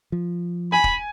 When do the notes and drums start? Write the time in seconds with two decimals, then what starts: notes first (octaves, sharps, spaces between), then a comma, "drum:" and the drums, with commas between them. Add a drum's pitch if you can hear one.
0.12 F3
0.72 G#5 B5
0.84 drum: kick